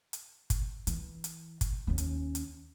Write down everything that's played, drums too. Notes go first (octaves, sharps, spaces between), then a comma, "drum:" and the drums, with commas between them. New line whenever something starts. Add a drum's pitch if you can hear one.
drum: hi-hat
drum: kick, hi-hat
E3, drum: hi-hat
drum: hi-hat
drum: kick, hi-hat
D#2 C#4
drum: hi-hat
drum: hi-hat